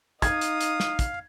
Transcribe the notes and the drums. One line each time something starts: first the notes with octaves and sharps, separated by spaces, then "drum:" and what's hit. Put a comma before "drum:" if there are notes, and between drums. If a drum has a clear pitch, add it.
D#4 F5 D#6 G#6, drum: kick, hi-hat
drum: hi-hat
drum: hi-hat
drum: snare
drum: kick, hi-hat